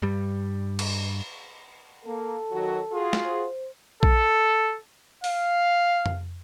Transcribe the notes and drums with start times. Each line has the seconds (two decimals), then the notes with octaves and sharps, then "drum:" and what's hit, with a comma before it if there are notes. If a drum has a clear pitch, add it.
0.02 G2 G3
0.79 drum: cymbal
2.05 A#3 A4
2.52 D#3 F#3 F#4
2.92 F4 F#4 G#4
3.13 drum: snare
3.25 C5
4.03 A4, drum: kick A#1
5.24 F5, drum: open hi-hat
6.06 drum: tom F2